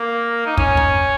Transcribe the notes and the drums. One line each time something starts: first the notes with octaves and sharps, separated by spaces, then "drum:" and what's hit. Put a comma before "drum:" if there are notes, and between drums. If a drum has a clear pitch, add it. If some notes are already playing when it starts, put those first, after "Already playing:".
Already playing: A#3
D#4
C#4, drum: kick
drum: kick